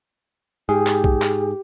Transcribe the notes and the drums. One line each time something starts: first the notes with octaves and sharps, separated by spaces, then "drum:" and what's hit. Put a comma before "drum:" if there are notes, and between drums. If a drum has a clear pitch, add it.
G#2 G4 G#4
drum: clap
drum: kick B1
drum: clap